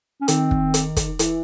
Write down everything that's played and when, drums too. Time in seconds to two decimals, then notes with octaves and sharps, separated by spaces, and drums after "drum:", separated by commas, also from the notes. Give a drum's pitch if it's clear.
0.21 C#4
0.28 D#3 C4, drum: hi-hat
0.51 drum: kick
0.74 drum: hi-hat
0.96 drum: kick, hi-hat
1.19 E3, drum: hi-hat